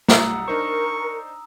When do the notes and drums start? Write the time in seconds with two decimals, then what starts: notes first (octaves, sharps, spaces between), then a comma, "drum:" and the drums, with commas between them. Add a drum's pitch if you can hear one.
0.08 B1 G3 F#5 A#5 D#6 E6, drum: snare
0.48 D4 D#4 A#4 C5 C#6